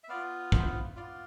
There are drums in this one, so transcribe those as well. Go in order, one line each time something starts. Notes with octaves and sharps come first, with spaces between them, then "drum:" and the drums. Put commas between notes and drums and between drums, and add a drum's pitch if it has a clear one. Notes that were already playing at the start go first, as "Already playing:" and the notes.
E5
B3 F4 D5 F5
C5 E5, drum: kick
B3 F4 D5 F5